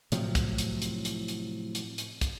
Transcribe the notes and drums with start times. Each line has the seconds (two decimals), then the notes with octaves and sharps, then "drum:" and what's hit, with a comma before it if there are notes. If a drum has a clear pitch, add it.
0.12 A2 C3 F3 F#3, drum: hi-hat
0.35 drum: kick, hi-hat
0.58 drum: hi-hat
0.82 drum: hi-hat
1.05 drum: hi-hat
1.28 drum: hi-hat
1.75 drum: hi-hat
1.98 drum: hi-hat
2.21 drum: kick, hi-hat